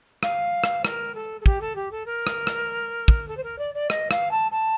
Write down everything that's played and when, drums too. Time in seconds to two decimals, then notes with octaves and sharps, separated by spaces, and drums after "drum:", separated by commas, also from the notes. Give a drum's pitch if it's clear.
0.23 F5, drum: rim click
0.64 drum: rim click
0.85 A#4, drum: rim click
1.15 A4
1.41 A4
1.46 G4, drum: kick
1.61 A4
1.76 G4
1.91 A4
2.06 A#4
2.27 drum: rim click
2.47 drum: rim click
3.08 drum: kick
3.28 A4
3.37 C5
3.43 A#4
3.58 D5
3.74 D5
3.90 D#5, drum: rim click
4.11 F5, drum: rim click
4.31 A5
4.51 A5